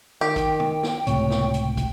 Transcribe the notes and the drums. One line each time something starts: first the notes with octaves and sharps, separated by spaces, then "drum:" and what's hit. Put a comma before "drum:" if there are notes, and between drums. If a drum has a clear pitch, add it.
D#3 G4 G5
drum: kick, hi-hat
drum: tom
drum: snare
C#2 A2 C3 C#5, drum: hi-hat
drum: snare
drum: hi-hat
drum: kick, hi-hat